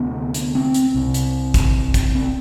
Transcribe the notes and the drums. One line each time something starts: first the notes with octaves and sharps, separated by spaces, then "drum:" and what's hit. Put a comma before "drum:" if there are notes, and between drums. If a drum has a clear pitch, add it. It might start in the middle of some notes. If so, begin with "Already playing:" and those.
Already playing: D2 C3 B3
drum: hi-hat
C4
drum: hi-hat
C2 C3
drum: hi-hat
drum: kick, hi-hat
drum: kick, hi-hat
C4